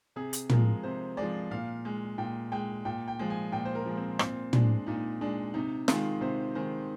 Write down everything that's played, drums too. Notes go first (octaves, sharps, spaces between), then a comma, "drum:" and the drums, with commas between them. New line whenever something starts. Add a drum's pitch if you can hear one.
C3 G#4
drum: hi-hat
F3 G#3 A#4, drum: tom
C3 C5
F3 G#3 D5
A#2 F5
G#3
A#2 G5
G#3 G5
A#2 G5
G5
F3 G#3
G#5
A#2 G5
C5
A#4
F3 G#3
C4
A#2 C4, drum: rim click
G#3 D4, drum: tom
A#2 D#4
G#3 D4
C3 D#4
D#3 G#3 F4, drum: snare
C3 C5
D#3 G#3 C5